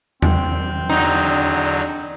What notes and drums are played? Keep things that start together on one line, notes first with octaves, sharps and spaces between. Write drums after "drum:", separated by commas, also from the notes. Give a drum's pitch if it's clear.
C4, drum: tom E2
E2 D3 F#3 D4 D#4